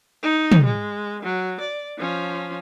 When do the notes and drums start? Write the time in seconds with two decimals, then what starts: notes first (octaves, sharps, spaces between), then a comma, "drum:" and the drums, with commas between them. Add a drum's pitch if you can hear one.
0.23 D#4
0.52 drum: tom
0.65 G#3
1.23 F#3
1.60 D5
1.98 F3 C#4